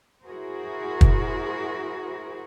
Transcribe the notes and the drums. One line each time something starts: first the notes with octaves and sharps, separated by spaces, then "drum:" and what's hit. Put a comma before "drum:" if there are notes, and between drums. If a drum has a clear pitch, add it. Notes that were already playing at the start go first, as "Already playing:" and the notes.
E4 F#4 G#4 A#4 C5
drum: kick